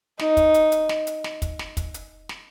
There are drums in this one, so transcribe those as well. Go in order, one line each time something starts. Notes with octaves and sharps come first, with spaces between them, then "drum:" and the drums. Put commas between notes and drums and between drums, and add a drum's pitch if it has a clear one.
D#4, drum: snare
drum: kick, hi-hat
drum: hi-hat
drum: hi-hat
drum: snare
drum: hi-hat
drum: snare
drum: kick, hi-hat
drum: snare
drum: kick, hi-hat
drum: hi-hat
drum: snare